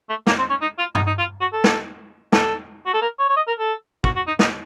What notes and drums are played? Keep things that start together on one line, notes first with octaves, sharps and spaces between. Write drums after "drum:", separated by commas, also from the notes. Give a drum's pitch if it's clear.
A3
A#3, drum: snare
C4
C#4
D#4
F4
D#4, drum: tom G2
D#4
F4
F#4
A4
drum: snare
A4, drum: snare
F#4
A4
A#4
C#5
C#5
D#5
A#4
A4
F#4, drum: kick
F#4
D#4
D#4, drum: snare